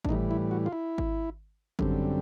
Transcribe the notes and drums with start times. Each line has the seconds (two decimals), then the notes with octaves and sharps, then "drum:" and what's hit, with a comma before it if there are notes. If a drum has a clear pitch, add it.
0.05 D4, drum: kick G#1
0.09 A2 E3 G3 D#4
0.31 E4
0.51 F#4
0.66 F4
0.73 E4
0.98 drum: kick G#1
1.79 F#2 D3 G3 C4, drum: kick G#1